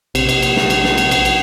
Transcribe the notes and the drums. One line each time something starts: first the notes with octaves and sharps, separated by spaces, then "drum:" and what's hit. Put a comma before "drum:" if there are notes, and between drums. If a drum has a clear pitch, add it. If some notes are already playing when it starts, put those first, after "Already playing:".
A#1 C3, drum: cymbal
drum: cymbal
drum: cymbal
drum: snare
drum: cymbal
drum: snare
drum: cymbal
drum: cymbal
drum: cymbal